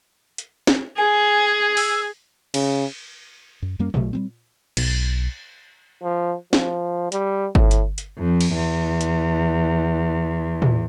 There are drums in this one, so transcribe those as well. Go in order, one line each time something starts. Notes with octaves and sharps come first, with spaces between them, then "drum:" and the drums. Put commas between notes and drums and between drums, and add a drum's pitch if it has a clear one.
drum: hi-hat
drum: snare
G#4 G#5
E6, drum: open hi-hat
C#3, drum: cymbal
F#2
F#2 G3 A#3 C#4
B1 A#2 F#3 A3, drum: tom A#2
G3 G#3 C4
B1, drum: cymbal
F3
F3, drum: snare
G3, drum: hi-hat
A2, drum: kick G1
drum: hi-hat
drum: hi-hat
F2
drum: cymbal
E2
drum: hi-hat
drum: tom